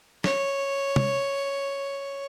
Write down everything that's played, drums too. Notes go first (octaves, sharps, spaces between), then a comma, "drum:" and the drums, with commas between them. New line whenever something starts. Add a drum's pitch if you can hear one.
C#5, drum: snare
drum: tom